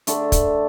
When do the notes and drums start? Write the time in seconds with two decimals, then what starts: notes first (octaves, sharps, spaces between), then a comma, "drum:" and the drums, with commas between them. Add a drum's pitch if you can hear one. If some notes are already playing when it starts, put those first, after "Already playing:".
0.07 D3 A3 D4 A4, drum: hi-hat
0.32 drum: kick, hi-hat